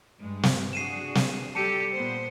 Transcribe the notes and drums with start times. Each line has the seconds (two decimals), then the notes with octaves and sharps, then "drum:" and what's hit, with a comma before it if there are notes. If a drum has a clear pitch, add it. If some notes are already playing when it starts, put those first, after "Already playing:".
0.19 G2 G#3
0.43 drum: snare
0.73 D4 F#4 G#4 C7 D#7 E7
1.15 drum: snare
1.55 G3 G4 A4 A5 C#7 D#7
1.93 A#2 B3 C5